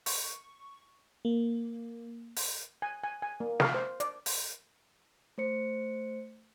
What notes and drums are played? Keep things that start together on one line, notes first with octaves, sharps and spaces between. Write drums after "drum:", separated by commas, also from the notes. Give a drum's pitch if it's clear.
C#6, drum: open hi-hat
A#3
drum: open hi-hat
G#5
G#5
G#5
A#3
F5, drum: snare
C5
D5, drum: hi-hat
drum: open hi-hat
A3 C5 C#7